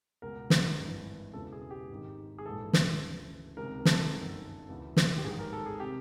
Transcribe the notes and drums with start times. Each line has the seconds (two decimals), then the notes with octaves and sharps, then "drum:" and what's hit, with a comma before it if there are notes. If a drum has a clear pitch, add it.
0.22 C#2 B2 A#4
0.50 drum: snare
0.79 G#1 G2 E3
1.33 E1 E2 C#3 E3 A4
1.52 G#4
1.71 G4
1.90 G#1 G#2 D#3
2.39 G#4
2.45 A#1 G#2 E3 A4
2.73 drum: snare
3.01 D2 C#3 E3
3.57 C#2 C3 D#3 A#4
3.79 A#4
3.85 A4, drum: snare
4.13 G1 F#2 D#3
4.69 D2 C#3 E3
4.97 drum: snare
5.18 G4
5.24 A1 G#2 D#3 G#4
5.39 A#4
5.53 A4
5.66 G#4
5.80 C3 G4